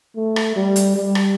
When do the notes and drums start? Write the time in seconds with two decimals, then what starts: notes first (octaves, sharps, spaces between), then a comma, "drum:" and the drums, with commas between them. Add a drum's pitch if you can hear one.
0.16 A3
0.36 drum: rim click
0.56 G3
0.76 drum: hi-hat
0.96 G3
1.15 drum: rim click